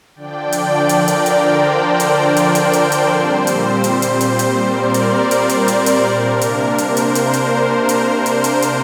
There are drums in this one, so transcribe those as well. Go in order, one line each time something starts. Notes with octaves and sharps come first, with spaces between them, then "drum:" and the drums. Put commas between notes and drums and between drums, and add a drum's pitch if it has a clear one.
D3 F3 D4 D5 G5
drum: hi-hat
A#4 D5, drum: hi-hat
drum: hi-hat
C5, drum: hi-hat
drum: hi-hat
drum: hi-hat
drum: hi-hat
drum: hi-hat
drum: hi-hat
A#2 G3 C4 C5
drum: hi-hat
drum: hi-hat
drum: hi-hat
drum: hi-hat
drum: hi-hat
A#4 D5
drum: hi-hat
drum: hi-hat
drum: hi-hat
drum: hi-hat
drum: hi-hat
C3 A#3 D4 A#4
drum: hi-hat
C5, drum: hi-hat
drum: hi-hat
A#4, drum: hi-hat
drum: hi-hat
drum: hi-hat
C5, drum: hi-hat
drum: hi-hat
drum: hi-hat